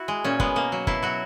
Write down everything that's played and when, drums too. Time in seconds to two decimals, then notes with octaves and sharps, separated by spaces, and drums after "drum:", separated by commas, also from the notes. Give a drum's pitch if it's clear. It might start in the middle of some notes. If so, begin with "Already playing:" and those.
Already playing: E4 F#4
0.08 G#3
0.24 A#2 C#4
0.40 G#3 B3, drum: kick G1
0.56 B2 A#3
0.72 F#3
0.87 B2 E4, drum: kick G1
1.03 F#3 F#4